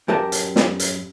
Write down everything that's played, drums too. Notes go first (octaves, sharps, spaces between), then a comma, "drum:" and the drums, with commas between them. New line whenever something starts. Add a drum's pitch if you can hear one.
F#2 G4 A#4 A5
drum: hi-hat
drum: snare
drum: hi-hat